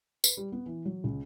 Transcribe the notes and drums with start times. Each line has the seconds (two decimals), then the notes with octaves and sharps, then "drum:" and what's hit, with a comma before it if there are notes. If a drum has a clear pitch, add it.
0.24 B4, drum: tambourine
0.37 G3
0.52 B3
0.66 E3
0.85 F#3
1.04 C#2